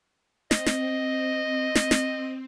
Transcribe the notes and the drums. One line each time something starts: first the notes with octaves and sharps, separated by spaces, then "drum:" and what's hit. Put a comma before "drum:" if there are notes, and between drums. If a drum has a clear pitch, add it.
C4 D#5, drum: snare
drum: snare
drum: snare
drum: snare